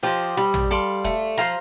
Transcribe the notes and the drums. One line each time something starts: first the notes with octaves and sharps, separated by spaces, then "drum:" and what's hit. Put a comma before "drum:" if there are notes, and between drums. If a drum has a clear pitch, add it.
F3 G4 C5 D#5
G3
drum: tom
A4 D5 F5 C6
A3, drum: kick
F3 C5 F5 A#5